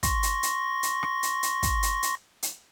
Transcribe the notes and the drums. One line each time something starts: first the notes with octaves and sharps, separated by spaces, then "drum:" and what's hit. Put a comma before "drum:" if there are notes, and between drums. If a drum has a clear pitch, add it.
C6 C#6 A#6, drum: kick, hi-hat
drum: hi-hat
drum: hi-hat
drum: hi-hat
drum: rim click
drum: hi-hat
drum: hi-hat
drum: kick, hi-hat
drum: hi-hat
drum: hi-hat
drum: hi-hat